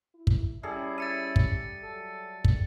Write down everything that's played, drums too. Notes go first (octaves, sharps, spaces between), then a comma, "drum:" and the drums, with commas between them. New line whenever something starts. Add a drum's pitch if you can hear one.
E4
drum: kick
G3 C#4 E4 G#4 A4
E4 E5 A6 C#7 D#7
drum: kick
F#3 A4
drum: kick